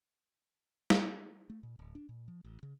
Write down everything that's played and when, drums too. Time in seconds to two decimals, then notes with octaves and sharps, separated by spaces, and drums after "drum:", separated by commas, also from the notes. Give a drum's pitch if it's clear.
0.90 drum: snare
1.50 A3
1.63 A#2
1.79 D1
1.95 D4
2.09 A#2
2.28 F3
2.44 A1
2.63 C#3